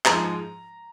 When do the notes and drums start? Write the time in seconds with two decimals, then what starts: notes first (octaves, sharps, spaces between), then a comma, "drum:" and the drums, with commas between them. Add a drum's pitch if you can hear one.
0.05 G#2 F3 G#3 A#5, drum: clap